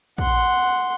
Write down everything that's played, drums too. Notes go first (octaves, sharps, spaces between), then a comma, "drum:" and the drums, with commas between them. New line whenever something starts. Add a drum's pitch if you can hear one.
F#5 C6, drum: kick